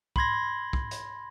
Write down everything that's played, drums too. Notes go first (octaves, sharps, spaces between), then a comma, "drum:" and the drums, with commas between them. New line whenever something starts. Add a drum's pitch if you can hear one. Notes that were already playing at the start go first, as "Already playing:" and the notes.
B5 C6 G#6 A#6, drum: kick
drum: kick
drum: hi-hat